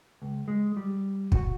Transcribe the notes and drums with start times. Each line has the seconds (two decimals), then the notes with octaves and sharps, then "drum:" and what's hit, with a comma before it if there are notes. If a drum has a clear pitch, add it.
0.22 C#2
0.48 G#3
0.77 G3
1.32 F#4, drum: kick